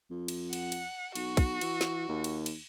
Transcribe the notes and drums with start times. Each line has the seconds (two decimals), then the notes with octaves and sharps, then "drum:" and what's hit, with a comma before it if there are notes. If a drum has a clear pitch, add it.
0.11 F2
0.28 drum: cymbal
0.53 F#5, drum: cymbal
0.72 drum: cymbal
1.15 B1 F#4, drum: cymbal
1.37 drum: kick, cymbal
1.61 E3, drum: cymbal
1.81 drum: snare
2.09 D#2
2.24 drum: cymbal
2.46 drum: cymbal